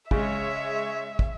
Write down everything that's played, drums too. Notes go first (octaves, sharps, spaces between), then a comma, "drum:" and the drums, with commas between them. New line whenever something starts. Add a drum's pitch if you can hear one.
C#3 G#3 C#5 E5, drum: kick
drum: kick